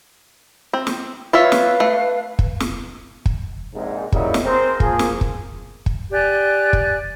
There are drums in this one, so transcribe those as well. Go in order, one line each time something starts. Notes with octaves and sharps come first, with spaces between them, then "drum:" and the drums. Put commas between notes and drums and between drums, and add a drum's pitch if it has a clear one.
C4
drum: snare
F4 B4 C#5 E5 F5
drum: snare
A3
drum: kick
drum: snare
drum: kick
A#1 G#2 C3
C#3 F#3 G3 A#3 D#4 E4, drum: kick
drum: snare
C4 G#4 A#4 C5
F3 A#3 G#4, drum: kick
drum: snare
drum: kick
drum: kick
G4 D5 G#5 F#6
drum: kick